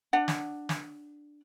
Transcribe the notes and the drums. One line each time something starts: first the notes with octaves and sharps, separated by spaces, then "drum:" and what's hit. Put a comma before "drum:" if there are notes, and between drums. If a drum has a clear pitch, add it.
D4 F#5
drum: snare
drum: snare